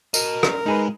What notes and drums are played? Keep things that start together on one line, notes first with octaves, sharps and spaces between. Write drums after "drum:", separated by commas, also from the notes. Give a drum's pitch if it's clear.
F#4 A#4 D#5, drum: tambourine
drum: rim click
G#3 D#4 G#4 B4